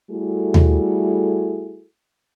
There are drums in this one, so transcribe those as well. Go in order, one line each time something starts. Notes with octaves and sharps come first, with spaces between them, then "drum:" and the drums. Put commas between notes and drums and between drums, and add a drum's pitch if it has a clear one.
G3 A3 E4 F#4 G#4 A4
drum: tom D#2